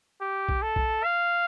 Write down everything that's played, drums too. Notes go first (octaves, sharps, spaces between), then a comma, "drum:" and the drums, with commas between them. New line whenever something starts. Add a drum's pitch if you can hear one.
G4
drum: kick B1
A4
drum: kick B1
F5